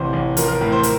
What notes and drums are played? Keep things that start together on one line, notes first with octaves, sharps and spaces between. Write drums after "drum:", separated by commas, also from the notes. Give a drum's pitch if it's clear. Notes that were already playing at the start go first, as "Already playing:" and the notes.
Already playing: A1 C3 C5
A1
F3 A#4, drum: hi-hat
A#4
A2
C5
A#4, drum: hi-hat